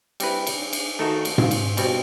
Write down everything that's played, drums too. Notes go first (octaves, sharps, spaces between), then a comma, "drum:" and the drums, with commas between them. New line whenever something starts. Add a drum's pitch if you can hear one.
G3 C4 E4 B4, drum: cymbal
drum: cymbal
drum: cymbal
D#3 A3 D#4 F#4 A4
drum: cymbal
drum: tom G#2
drum: cymbal
B2 G3 C4, drum: cymbal